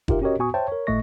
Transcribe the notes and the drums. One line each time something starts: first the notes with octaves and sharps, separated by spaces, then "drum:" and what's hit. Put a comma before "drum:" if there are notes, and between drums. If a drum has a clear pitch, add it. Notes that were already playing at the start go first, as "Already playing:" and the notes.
D#4 F4 G4 A#4 E5, drum: kick
C#4 F#4 G4 A#4 C#5 D#5
A#2 B3 F#4 G#5 C#6 D#6
C5 C#5 E5 G5 A5
A#4 C#5
G1 A2 A3 D#5 C#6 A#6